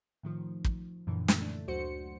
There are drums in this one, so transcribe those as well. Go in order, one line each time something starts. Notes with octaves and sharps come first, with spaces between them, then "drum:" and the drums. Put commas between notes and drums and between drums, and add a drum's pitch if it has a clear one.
A2 D#3 F3
drum: kick
F#2 A#2 D3 E3
drum: snare
A3 D4
D2 F#3 F#4 C5 C#7